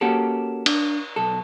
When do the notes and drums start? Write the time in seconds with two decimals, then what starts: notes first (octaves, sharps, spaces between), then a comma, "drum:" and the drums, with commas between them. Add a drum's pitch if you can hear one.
0.01 A#3 C#4 F#4 G4 A4
0.66 D4, drum: cymbal
1.16 B1 A4